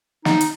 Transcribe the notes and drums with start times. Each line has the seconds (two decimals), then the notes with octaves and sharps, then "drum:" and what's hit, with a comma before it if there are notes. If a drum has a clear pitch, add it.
0.25 D#4, drum: snare
0.41 drum: hi-hat